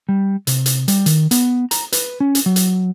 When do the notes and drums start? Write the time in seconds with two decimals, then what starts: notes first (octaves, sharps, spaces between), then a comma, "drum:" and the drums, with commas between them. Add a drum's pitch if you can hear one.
0.09 G3
0.47 C3, drum: hi-hat
0.66 drum: hi-hat
0.88 G3, drum: hi-hat
1.06 D#3, drum: hi-hat
1.31 B3, drum: hi-hat
1.71 A#5, drum: hi-hat
1.92 B4, drum: hi-hat
2.20 C#4
2.35 drum: hi-hat
2.46 F#3
2.56 drum: hi-hat